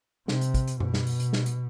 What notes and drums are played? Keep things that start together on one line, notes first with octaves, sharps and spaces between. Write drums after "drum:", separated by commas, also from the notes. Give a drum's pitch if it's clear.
C3, drum: snare
drum: hi-hat
drum: kick, hi-hat
drum: hi-hat
B2, drum: tom F#2
drum: snare
drum: open hi-hat
drum: hi-hat
drum: snare
drum: hi-hat